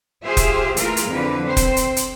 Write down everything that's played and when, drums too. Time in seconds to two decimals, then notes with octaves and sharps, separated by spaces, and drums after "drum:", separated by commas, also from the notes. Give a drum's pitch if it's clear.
0.24 F4 G4 G#4 C5 E5 F5
0.37 drum: kick, hi-hat
0.77 E3 A3 F4 G#4 A#4, drum: hi-hat
0.97 drum: hi-hat
1.10 F2 D3 E3 B4
1.46 C4 C5
1.57 drum: kick, hi-hat
1.77 drum: hi-hat
1.97 drum: hi-hat